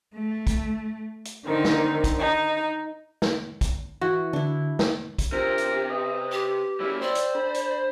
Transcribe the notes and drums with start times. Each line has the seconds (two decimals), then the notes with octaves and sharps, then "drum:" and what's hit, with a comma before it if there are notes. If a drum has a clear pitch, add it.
0.14 A3
0.47 drum: kick, hi-hat
1.25 drum: hi-hat
1.45 D3 D#3 C4 D#4
1.65 drum: snare
2.04 drum: kick, hi-hat
2.19 D#4
3.22 drum: snare
3.61 drum: kick, hi-hat
4.01 E3 F#4
4.33 D3 D4 E4
4.79 drum: snare
5.19 drum: kick, hi-hat
5.32 C3 D4 F4 G4 A#4 C5
5.58 drum: hi-hat
5.90 B4 D#5
6.32 G4
6.80 F#3 A#3 E4 C#5 D5
7.01 C5 D5 G5 E6
7.15 drum: hi-hat
7.35 D4 A4 B5
7.54 drum: hi-hat